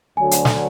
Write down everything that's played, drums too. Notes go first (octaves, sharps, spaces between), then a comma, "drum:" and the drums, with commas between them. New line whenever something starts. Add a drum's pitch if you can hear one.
D2 D3 F#3 G#5
drum: hi-hat
drum: snare